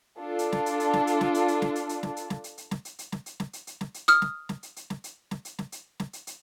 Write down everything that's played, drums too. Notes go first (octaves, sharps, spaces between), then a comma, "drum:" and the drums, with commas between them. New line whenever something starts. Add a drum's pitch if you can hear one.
D4 F4 A4
drum: hi-hat
drum: snare
drum: hi-hat
drum: hi-hat
drum: snare
drum: hi-hat
drum: snare
drum: hi-hat
drum: hi-hat
drum: snare
drum: hi-hat
drum: hi-hat
drum: snare
drum: hi-hat
drum: snare
drum: hi-hat
drum: hi-hat
drum: snare
drum: hi-hat
drum: hi-hat
drum: snare
drum: hi-hat
drum: snare
drum: hi-hat
drum: hi-hat
drum: snare
drum: hi-hat
D#6 F6, drum: hi-hat
drum: snare
drum: snare
drum: hi-hat
drum: hi-hat
drum: snare
drum: hi-hat
drum: snare
drum: hi-hat
drum: snare
drum: hi-hat
drum: snare
drum: hi-hat
drum: hi-hat